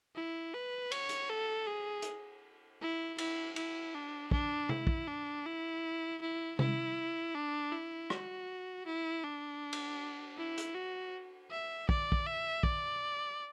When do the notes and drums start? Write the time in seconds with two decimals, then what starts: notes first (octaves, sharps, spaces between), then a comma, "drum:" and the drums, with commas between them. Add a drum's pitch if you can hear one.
0.15 E4
0.54 B4
0.92 C#5, drum: cymbal
1.09 drum: hi-hat
1.30 A4
1.67 G#4
2.02 drum: hi-hat
2.81 E4
3.18 E4, drum: cymbal
3.56 E4, drum: cymbal
3.95 D4
4.31 D4, drum: kick
4.69 E4, drum: tom C3
4.87 drum: kick
5.08 D4
5.46 E4
6.21 E4
6.59 E4, drum: tom C3
7.35 D4
7.72 E4
8.10 F#4, drum: rim click
8.86 E4
9.24 D4
9.73 drum: cymbal
10.38 E4
10.58 drum: hi-hat
10.75 F#4
11.51 E5
11.89 D5, drum: kick
12.12 drum: kick
12.26 E5
12.63 D5, drum: kick